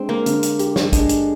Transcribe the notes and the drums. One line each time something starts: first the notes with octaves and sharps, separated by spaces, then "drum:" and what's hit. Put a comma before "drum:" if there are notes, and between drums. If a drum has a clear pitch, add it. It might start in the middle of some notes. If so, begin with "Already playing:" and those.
Already playing: G#3 C4 D4
A#3
D3, drum: hi-hat
drum: hi-hat
G4, drum: hi-hat
drum: snare
G#3 D4, drum: kick, hi-hat
drum: hi-hat